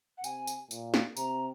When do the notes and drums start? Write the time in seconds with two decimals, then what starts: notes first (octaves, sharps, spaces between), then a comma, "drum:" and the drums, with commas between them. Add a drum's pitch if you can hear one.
0.18 F#5
0.24 C3 G#5, drum: tambourine
0.47 drum: tambourine
0.71 A#2, drum: tambourine
0.94 drum: snare
1.17 C3 A#5, drum: tambourine